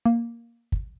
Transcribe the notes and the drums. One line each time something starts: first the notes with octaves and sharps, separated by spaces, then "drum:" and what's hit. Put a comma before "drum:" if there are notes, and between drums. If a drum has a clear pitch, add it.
A#3
drum: kick